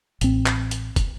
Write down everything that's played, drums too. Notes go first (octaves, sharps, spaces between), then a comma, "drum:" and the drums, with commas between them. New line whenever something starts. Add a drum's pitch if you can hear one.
A1 C4, drum: hi-hat
drum: clap
drum: hi-hat
drum: kick, hi-hat